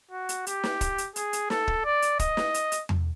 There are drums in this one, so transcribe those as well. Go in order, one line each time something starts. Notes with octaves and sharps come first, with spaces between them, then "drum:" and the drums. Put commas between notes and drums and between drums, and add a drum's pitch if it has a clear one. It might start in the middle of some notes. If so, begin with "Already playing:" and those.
F#4
drum: hi-hat
G4, drum: hi-hat
drum: snare
drum: kick, hi-hat
drum: hi-hat
G#4, drum: hi-hat
drum: hi-hat
A4, drum: snare
drum: kick
D5
drum: hi-hat
D#5, drum: kick, hi-hat
drum: snare
drum: hi-hat
drum: hi-hat
drum: tom E2